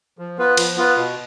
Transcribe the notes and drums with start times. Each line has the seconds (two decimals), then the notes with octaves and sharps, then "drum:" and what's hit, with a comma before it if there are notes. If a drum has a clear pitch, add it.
0.18 F3
0.38 B3 F4 B4
0.57 F3, drum: cymbal
0.77 B3 F4 B4
0.96 B2